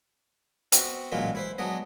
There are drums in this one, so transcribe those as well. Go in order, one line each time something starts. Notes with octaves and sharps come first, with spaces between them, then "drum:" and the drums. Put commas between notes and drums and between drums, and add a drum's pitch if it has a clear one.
B3 C4 F#4, drum: hi-hat
A1 A#2 F#3 G#3 F4 B4
E4 B4 C5
F#3 G#3 B3 D4 D#5